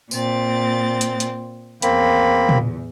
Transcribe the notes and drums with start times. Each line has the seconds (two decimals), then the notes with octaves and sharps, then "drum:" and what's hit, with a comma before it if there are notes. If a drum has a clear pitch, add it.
0.11 A#2 C4 A6, drum: tambourine
1.01 drum: hi-hat
1.20 drum: hi-hat
1.82 E2 A#3 C4 B5, drum: hi-hat
2.49 drum: tom